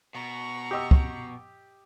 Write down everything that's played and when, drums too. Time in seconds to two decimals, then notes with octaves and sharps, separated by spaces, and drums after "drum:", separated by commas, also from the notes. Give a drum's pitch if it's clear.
0.15 B2 A#5 C#6
0.71 G4 D#5 E6
0.91 drum: kick